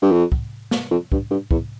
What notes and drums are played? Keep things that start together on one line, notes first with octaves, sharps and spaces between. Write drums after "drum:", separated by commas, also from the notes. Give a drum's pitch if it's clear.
G2
F2
drum: kick
drum: snare
F2
G2, drum: kick
G2
E2, drum: kick